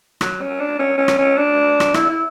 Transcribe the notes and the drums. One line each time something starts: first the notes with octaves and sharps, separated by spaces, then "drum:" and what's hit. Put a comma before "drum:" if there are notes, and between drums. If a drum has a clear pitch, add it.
F#3, drum: rim click
C#4
D4
C#4
C#4
drum: rim click
C#4
D4
drum: rim click
E4, drum: rim click
E4